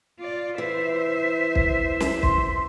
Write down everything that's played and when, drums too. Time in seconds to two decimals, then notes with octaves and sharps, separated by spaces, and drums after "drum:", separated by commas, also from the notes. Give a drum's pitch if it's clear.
0.19 F4 D5
0.58 E3 C5 E5
1.55 drum: kick
2.00 drum: snare
2.23 C6, drum: kick